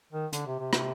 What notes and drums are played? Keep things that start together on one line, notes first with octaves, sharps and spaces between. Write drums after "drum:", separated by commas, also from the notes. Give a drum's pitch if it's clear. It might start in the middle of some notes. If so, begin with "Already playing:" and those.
D#3
D3, drum: hi-hat
C3
C3
C3, drum: rim click